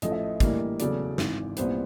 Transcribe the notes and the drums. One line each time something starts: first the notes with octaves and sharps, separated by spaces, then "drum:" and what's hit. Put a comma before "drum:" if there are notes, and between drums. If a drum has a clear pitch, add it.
A1 A2 F3 A3 D#5, drum: hi-hat
E5
D#5
A#1 A2 E3 G3 A#3, drum: kick, hi-hat
E1 E2 C#3 F#3 A3 D5, drum: hi-hat
G#1 G#2 E3, drum: snare
C2 A#2 G3 B3 C5, drum: hi-hat